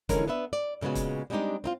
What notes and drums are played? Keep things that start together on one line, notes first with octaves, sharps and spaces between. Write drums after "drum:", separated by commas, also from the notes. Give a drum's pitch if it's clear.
D3 E3 F3 G#3 C#4 A#4, drum: kick, hi-hat
B3 D4 B4 E5
D5
A#2 C#3 G#3 B3 F#4
drum: kick, hi-hat
G3 G#3 C4 D4 D#4 G4
C4 D#4 F4